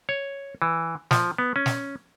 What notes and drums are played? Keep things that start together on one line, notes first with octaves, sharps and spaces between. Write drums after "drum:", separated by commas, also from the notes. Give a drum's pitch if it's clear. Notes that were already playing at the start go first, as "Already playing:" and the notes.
C#5
E3
F3, drum: snare
B3
C#4
drum: snare